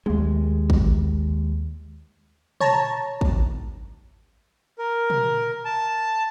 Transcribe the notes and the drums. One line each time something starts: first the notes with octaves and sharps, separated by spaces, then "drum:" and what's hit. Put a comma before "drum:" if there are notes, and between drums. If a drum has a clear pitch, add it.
D#2 G#3, drum: tom
drum: kick
C#5 A5 A#5, drum: tom
drum: kick
A#4
drum: tom
A5